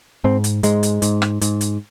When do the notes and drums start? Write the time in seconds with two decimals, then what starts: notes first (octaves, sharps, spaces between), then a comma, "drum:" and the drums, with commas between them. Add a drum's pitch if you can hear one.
0.24 G#2 C4
0.44 drum: hi-hat
0.63 G#2 G#3, drum: hi-hat
0.83 drum: hi-hat
1.02 G#2, drum: hi-hat
1.22 drum: rim click
1.41 G#2, drum: hi-hat
1.61 drum: hi-hat